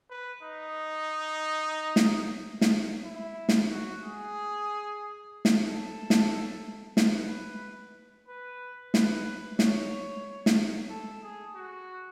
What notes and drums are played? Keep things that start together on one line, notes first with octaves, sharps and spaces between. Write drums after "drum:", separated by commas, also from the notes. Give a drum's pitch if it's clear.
B4
D#4
drum: snare
drum: snare
E4
drum: snare
F#4
G#4
drum: snare
A4
drum: snare
B4, drum: snare
B4
B4, drum: snare
C#5, drum: snare
drum: snare
A4
G#4
F#4